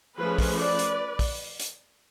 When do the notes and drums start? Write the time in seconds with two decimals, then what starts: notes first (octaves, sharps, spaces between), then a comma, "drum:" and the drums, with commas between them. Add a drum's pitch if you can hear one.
0.18 F3 A3 C#4 G#4 B4
0.38 drum: kick, open hi-hat
0.59 B4 D5
0.79 drum: hi-hat
1.19 drum: kick, open hi-hat
1.60 drum: hi-hat